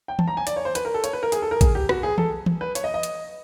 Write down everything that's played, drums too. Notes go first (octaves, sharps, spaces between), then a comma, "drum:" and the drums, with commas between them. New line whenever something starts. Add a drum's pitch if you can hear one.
G5
A5, drum: tom
A#5
G#5
D5, drum: hi-hat
C#5
C5
B4, drum: hi-hat
A#4
A4
C#5, drum: hi-hat
B4
A#4
G#4, drum: hi-hat
A4
A#4
G#4, drum: kick, hi-hat
G4
F#4, drum: rim click
G#4
A4, drum: tom
drum: tom
B4
C#5, drum: hi-hat
D#5
D#5
drum: hi-hat